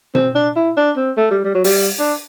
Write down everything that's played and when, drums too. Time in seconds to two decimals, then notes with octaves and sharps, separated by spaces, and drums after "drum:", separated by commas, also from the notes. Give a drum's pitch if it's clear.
0.15 C4, drum: tom B2
0.35 D4
0.56 E4
0.77 D4
0.97 C4
1.17 A3
1.31 G3
1.44 G3
1.54 F#3
1.64 G3, drum: open hi-hat
1.99 D4